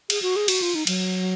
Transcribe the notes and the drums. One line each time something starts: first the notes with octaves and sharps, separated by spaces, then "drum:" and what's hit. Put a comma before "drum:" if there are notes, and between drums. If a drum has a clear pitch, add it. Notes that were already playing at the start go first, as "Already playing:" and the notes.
G#4, drum: cymbal
F#4
G#4
F#4, drum: cymbal
F4
D#4
F#3, drum: cymbal